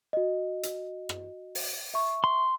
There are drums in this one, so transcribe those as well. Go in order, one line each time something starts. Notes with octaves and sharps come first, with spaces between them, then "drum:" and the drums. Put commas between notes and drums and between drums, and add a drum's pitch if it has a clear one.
F#4 D#5
drum: hi-hat
drum: rim click
drum: open hi-hat
E5 C#6
C6